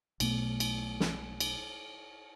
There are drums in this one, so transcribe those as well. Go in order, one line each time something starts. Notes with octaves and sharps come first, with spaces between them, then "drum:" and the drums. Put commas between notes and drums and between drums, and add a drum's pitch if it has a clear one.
B1 B2 A3 B3, drum: cymbal
drum: cymbal
drum: snare
drum: cymbal